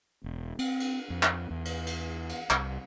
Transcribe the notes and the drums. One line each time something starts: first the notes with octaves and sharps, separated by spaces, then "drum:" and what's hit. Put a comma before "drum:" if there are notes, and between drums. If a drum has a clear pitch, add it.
E1
C4, drum: cymbal
drum: cymbal
F2
drum: clap
E2
drum: cymbal
drum: cymbal
drum: cymbal
C2, drum: clap